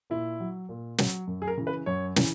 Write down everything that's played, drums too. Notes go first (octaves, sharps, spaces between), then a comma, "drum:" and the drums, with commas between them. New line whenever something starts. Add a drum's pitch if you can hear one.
A#2 E4
F#3
A#2
F#3, drum: snare
F#2
G#4
A#4
C#3 E3
B4
F#2 C#5
C#3 E3, drum: snare